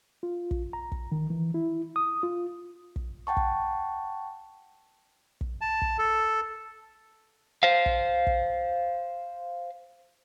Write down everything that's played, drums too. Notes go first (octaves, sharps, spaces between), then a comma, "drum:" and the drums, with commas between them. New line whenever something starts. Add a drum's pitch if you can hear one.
F4
drum: kick
A#5
drum: kick
D#3
E3
E4
D#6
F4
drum: kick
F#5 G5 A5 C#6
drum: kick
drum: kick
A5
drum: kick
A4
C5 F5
drum: kick
drum: kick